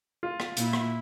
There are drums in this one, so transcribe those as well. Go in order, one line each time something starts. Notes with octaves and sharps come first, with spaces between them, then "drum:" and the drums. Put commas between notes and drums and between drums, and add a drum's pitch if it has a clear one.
F4
drum: rim click
A#2 E4, drum: hi-hat
drum: rim click